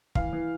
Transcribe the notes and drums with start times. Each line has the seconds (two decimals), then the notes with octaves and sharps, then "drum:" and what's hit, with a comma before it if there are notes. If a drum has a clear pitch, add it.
0.15 E3 F5, drum: kick
0.33 E3